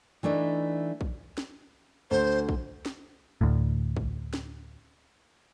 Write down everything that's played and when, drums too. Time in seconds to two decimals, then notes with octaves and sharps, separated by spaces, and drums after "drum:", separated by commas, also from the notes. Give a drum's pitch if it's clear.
0.23 E3 A3 D4 D#4
1.01 drum: kick A#1
1.38 drum: snare
2.11 D2 C5
2.49 drum: kick A#1
2.86 drum: snare
3.41 D2 A2
3.97 drum: kick A#1
4.34 drum: snare